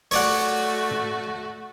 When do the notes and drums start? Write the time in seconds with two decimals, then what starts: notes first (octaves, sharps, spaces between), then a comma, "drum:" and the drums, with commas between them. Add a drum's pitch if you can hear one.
0.11 A3 F#4 C#5 D5 F#5, drum: open hi-hat
0.91 drum: tom